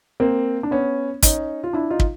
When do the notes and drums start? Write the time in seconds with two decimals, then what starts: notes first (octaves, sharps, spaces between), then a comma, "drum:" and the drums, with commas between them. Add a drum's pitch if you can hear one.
0.20 A#3 C4
0.63 D4
0.71 B3 C#4
1.23 C#4 D#4, drum: kick, hi-hat
1.64 F4
1.73 D4 E4
1.90 D#4 F4
2.00 drum: kick